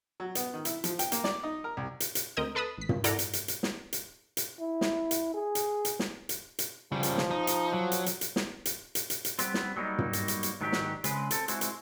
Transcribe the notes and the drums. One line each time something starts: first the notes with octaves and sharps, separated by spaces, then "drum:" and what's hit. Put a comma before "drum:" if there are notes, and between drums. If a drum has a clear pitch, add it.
F#3
B3, drum: hi-hat
D#3
E4, drum: hi-hat
F3, drum: hi-hat
G5, drum: hi-hat
A#3, drum: hi-hat
D5, drum: snare
D#4
A#4
C2
drum: hi-hat
drum: hi-hat
D2 C4 A#4 D#5 D#6 G6
A4 B4 A5 B5 D#6
A1 B6
drum: tom
E4 A4 A#4 D5 F#5 A#5, drum: hi-hat
drum: hi-hat
drum: hi-hat
drum: hi-hat
drum: snare
drum: hi-hat
drum: hi-hat
E4
drum: snare
drum: hi-hat
G#4
drum: hi-hat
drum: hi-hat
drum: snare
drum: hi-hat
drum: hi-hat
C#3 F3 G3
drum: hi-hat
drum: snare
D#4
drum: hi-hat
F#3
drum: hi-hat
drum: hi-hat
drum: hi-hat
drum: snare
drum: hi-hat
drum: hi-hat
drum: hi-hat
drum: hi-hat
G3 B3 C4, drum: hi-hat
drum: snare
F#3 G3 A#3 B3 D#4
drum: tom
drum: hi-hat
drum: hi-hat
drum: hi-hat
G#2 D#3 F#3 D4 G4
drum: snare
C#3 G#3 C4 B4, drum: hi-hat
C4 A4, drum: hi-hat
G#3 C4 E4 F#4, drum: hi-hat
drum: hi-hat